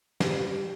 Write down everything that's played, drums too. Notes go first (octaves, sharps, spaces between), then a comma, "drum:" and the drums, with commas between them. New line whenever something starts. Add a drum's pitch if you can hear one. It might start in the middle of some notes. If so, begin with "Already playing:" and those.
G3, drum: snare